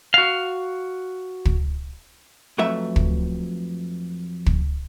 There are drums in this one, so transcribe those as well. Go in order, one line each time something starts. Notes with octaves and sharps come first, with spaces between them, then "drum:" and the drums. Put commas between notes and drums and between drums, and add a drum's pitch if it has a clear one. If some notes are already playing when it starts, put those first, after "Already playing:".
F#4 F5
drum: kick
F2 F#3 A3 B4 E5
drum: kick
drum: kick